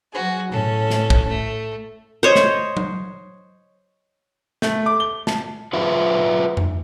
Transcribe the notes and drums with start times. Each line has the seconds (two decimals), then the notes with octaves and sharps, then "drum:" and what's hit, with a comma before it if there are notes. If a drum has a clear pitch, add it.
0.12 F#3 F#4 G#4
0.51 A2 C#4 A4
0.90 drum: snare
1.10 drum: kick
1.28 A3
2.23 C5 C#5 D#5
2.36 drum: snare
2.77 drum: tom F#3
4.62 A3, drum: snare
4.86 D6
5.00 G7
5.27 A5, drum: snare
5.73 F4 G#4 B4 E5 F#5
6.57 drum: tom F2